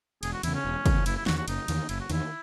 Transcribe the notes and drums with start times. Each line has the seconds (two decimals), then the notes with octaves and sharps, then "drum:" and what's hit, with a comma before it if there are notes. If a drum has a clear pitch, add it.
0.23 E1 G#4, drum: cymbal
0.33 F#4
0.43 E2 C#3 E4, drum: cymbal
0.55 C#4
0.65 E1
0.86 E2 C#3, drum: kick, cymbal
1.06 F#1 E4, drum: cymbal
1.17 E4
1.26 E2 D#3 F#4, drum: snare
1.38 F#4
1.48 F#1 D#4, drum: cymbal
1.68 E2 D#3, drum: cymbal
1.89 F#1 E4, drum: cymbal
2.00 F#4
2.10 E2 D#3 E4, drum: cymbal